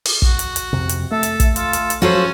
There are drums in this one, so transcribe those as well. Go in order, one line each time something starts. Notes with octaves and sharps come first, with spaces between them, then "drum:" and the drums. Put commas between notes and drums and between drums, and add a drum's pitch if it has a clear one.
drum: open hi-hat
F#4, drum: kick
drum: hi-hat
drum: hi-hat
F2 C3
drum: hi-hat
A3 A4 E5
drum: hi-hat
drum: kick, hi-hat
F4 A4, drum: hi-hat
drum: hi-hat
drum: hi-hat
F3 F#3 C#4 F#4 A4 C5 C#5